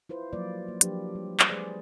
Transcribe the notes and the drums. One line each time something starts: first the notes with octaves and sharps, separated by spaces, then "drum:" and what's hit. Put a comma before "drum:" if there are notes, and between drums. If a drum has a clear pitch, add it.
E4 F4 B4 C5
F3 F#3 A#3 F4 B4 D5
A#3
F3 F#3 D4 G4 B4, drum: hi-hat
G3
drum: clap
F#3 G#3 G#4 B4 C5 D5